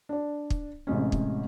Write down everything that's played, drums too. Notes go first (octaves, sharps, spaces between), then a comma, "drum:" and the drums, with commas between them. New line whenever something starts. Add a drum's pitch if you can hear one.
D4 D5
drum: kick
A1 C3 G#3 C#4
drum: kick